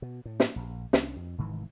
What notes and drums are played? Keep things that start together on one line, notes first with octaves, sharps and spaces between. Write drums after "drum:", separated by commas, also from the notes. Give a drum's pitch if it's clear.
B2
A2
drum: snare
A#1
C2 C#4 D4, drum: snare
F2
F1 G#2 D#3 E3